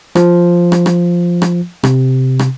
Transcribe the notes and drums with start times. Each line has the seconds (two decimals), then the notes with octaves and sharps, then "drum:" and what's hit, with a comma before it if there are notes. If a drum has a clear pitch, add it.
0.15 F3, drum: rim click
0.72 drum: rim click
0.86 drum: rim click
1.42 drum: rim click
1.84 C3, drum: rim click
2.39 drum: rim click